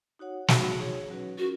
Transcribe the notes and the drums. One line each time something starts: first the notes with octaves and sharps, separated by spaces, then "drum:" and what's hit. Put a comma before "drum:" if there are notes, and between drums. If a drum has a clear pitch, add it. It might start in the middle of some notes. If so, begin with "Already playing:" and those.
D#4 F#4 C#5 F#5
F#3 B3 D#4 F#4, drum: snare
D#4 G#4 C#5
F#3 C#4 F#4 B4
C#4 F4 F#4 A#4